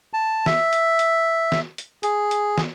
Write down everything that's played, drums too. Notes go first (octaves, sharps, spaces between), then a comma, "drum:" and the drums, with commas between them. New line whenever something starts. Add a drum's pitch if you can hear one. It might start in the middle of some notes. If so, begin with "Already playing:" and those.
A5
E5, drum: snare
drum: hi-hat
drum: hi-hat
drum: snare
drum: hi-hat
G#4, drum: hi-hat
drum: hi-hat
drum: snare